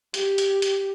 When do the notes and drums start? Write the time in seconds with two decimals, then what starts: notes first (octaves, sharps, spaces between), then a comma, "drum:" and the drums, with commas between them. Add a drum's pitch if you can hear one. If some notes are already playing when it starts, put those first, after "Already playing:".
0.14 G4, drum: hi-hat
0.38 drum: hi-hat
0.62 drum: hi-hat